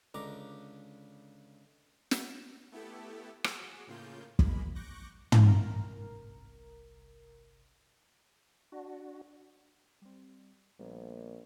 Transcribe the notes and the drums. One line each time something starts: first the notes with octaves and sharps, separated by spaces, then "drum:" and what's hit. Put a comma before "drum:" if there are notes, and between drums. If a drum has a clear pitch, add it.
C#2 D3 A#5 D6
drum: snare
A3 B3 E4 G4 A4
F#4 G#4, drum: rim click
A2 C#3 A#3 F4 G6
G#3 A#3 B5, drum: kick
C#6 D6 F#6 G6 A#6
drum: tom
G1 C2 A#4
D4 F#4
G3 C4
A#1 G3 A#3 B3